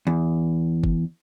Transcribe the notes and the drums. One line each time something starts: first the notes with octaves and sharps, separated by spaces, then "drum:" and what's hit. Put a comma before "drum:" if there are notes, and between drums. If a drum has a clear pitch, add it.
E2
drum: kick